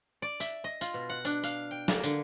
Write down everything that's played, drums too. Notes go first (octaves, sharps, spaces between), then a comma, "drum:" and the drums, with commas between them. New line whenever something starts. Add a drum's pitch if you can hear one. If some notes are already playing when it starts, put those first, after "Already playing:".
D5
E5, drum: tambourine
D#5
F4, drum: tambourine
B2
F#5
D4, drum: tambourine
F5, drum: tambourine
G5
A#3, drum: snare
D3, drum: tambourine